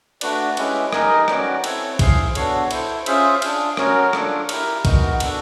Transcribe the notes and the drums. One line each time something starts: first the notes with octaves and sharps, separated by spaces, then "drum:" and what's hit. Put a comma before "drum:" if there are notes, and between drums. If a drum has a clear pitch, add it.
A3 D4 F#4 B4 D5, drum: cymbal
G#3 C#4 E4 G4 B4, drum: cymbal
D#4 G4 A#4 D#5 G#5, drum: rim click
C#4 F#4 B4 D5 G5, drum: rim click
C4 E4 A4 C#5, drum: cymbal
E4 G#4 C5 F5, drum: kick A#1, cymbal
B3 D4 F#4 A4 C#5, drum: cymbal
E4 A4 C5, drum: cymbal
C#4 F4 G#4 C5 E5, drum: cymbal
D4 F4 G#4, drum: cymbal
C#4 F#4 A#4 C#5, drum: rim click
D4 F4 A4, drum: rim click
E4 G4 A#4, drum: cymbal
G#3 B3 D#4 F#4 A#4, drum: kick A#1, cymbal
B3 D4 F#4 A4, drum: cymbal